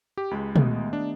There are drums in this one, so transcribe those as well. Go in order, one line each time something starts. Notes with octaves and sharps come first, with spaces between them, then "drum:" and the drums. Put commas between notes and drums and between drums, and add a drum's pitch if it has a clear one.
G4
C#2 G#3 G4 B5
D#3 A3 B3, drum: tom
D4